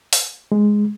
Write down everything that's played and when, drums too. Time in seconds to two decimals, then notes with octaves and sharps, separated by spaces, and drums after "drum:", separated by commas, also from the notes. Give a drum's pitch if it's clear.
0.13 drum: open hi-hat
0.52 G#3